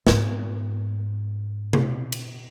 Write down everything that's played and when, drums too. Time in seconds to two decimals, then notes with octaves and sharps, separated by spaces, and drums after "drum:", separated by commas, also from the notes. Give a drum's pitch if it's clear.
0.07 G#2 B3, drum: snare
1.73 drum: tom C3
2.12 drum: cymbal